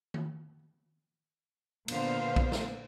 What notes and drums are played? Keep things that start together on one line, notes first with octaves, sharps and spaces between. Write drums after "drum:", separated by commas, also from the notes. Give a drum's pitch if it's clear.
drum: tom D#3
A#2 D3 B3 C5 F5, drum: cymbal
drum: kick B1
drum: snare